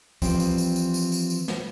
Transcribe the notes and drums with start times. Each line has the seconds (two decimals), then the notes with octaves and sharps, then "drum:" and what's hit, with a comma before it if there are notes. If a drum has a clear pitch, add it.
0.22 E3 F3 G3 C4 G5, drum: kick C#2, tambourine
0.40 drum: tambourine
0.58 drum: tambourine
0.76 drum: tambourine
0.94 drum: tambourine
1.12 drum: tambourine
1.30 drum: tambourine
1.48 drum: snare